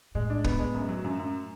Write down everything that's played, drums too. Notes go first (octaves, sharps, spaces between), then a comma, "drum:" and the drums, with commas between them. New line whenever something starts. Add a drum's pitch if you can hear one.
A2 G#3
D4
B3, drum: kick
G#3
F#2
F#3
F#2
F#2